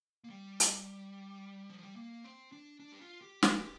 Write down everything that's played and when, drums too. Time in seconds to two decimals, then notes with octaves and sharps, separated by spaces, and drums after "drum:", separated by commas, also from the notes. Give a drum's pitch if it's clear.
0.24 A#3
0.30 G3
0.60 drum: hi-hat
1.70 F3
1.83 G3
1.96 A#3
2.24 C4
2.52 D4
2.80 D4
2.92 G4
3.01 F4
3.21 G4
3.43 G4, drum: snare
3.63 G4